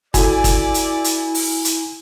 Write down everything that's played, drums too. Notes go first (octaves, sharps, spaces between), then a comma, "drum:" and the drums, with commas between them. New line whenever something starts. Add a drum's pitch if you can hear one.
E4 F#4 A4 D5 G#5, drum: kick, hi-hat
drum: kick, hi-hat
drum: hi-hat
drum: hi-hat
drum: open hi-hat
drum: hi-hat